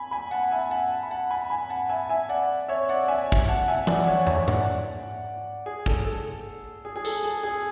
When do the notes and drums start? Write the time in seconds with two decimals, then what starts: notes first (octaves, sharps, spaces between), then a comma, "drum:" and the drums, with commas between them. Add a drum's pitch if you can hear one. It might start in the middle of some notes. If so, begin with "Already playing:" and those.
Already playing: G#5 B5
0.11 G#5 B5
0.31 F#5 A5
0.51 E5 G#5
0.71 F#5 A5
1.03 B5
1.11 F#5 A5
1.31 G#5 B5
1.50 G#5 B5
1.70 F#5 A5
1.89 E5 G#5
2.09 E5 G#5
2.29 D5 F#5
2.68 C#5 E5
2.89 D5 F#5
3.08 E5 G#5
3.32 drum: kick
3.48 F#5 A5
3.68 E5 G#5
3.87 D5 F#5, drum: tom E3
4.04 F#5
4.07 C#5 E5
4.27 C#5 E5, drum: tom
4.48 D5 F#5, drum: tom G#2
5.66 G#4
5.86 A4, drum: kick
6.05 A4
6.85 G#4
6.96 G#4
7.05 A4, drum: tambourine
7.24 G#4
7.43 G#4